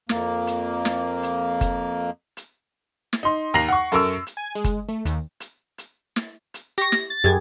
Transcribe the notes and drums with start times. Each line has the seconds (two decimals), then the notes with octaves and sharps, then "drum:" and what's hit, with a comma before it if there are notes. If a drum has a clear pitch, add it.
0.09 F2 A#3, drum: snare
0.47 drum: hi-hat
0.85 drum: snare
1.23 drum: hi-hat
1.61 drum: kick F#1, hi-hat
2.37 drum: hi-hat
3.13 drum: snare
3.23 D#4 C6
3.54 D#2 A#5 A#6 C7 F#7
3.69 F#5 C#6
3.92 F#2 A4 A#4 C#6 E6
4.26 drum: hi-hat
4.37 G#5
4.55 G#3
4.64 drum: kick F#1, hi-hat
4.89 A3
5.05 D#2, drum: hi-hat
5.40 drum: hi-hat
5.78 drum: hi-hat
6.16 drum: snare
6.54 drum: hi-hat
6.78 G4 C#6 A#6
6.92 drum: snare
7.10 A6
7.24 F#2 G4 G#4 G#6